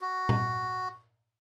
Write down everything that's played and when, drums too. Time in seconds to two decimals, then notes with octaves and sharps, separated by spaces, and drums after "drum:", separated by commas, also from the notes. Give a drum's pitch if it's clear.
0.01 F#4
0.29 drum: tom A#2